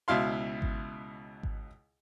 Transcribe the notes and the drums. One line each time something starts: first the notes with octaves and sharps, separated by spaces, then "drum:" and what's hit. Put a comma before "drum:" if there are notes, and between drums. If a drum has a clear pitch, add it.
C#2 B2 E4 F5 C6
drum: kick G#1
drum: kick G#1